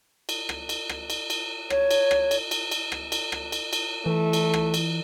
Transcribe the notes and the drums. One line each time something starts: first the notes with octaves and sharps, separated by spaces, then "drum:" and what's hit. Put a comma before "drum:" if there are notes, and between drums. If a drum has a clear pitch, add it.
drum: cymbal
drum: rim click
drum: cymbal
drum: rim click
drum: cymbal
drum: cymbal
C#5, drum: rim click
drum: cymbal
drum: rim click
drum: cymbal
drum: cymbal
drum: cymbal
drum: rim click
drum: cymbal
drum: rim click
drum: cymbal
drum: cymbal
E3 A3
drum: cymbal
drum: rim click
drum: cymbal